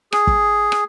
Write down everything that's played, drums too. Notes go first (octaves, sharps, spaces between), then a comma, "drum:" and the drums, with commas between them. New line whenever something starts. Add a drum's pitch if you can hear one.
G#4, drum: rim click
drum: kick
drum: rim click